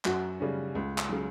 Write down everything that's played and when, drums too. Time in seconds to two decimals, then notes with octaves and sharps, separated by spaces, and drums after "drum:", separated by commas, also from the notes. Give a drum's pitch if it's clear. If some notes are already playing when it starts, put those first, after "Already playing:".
0.05 F#2 F#4, drum: clap
0.40 C#3 G3 C#4
0.75 C#2
0.98 drum: clap
1.09 C#3 F#3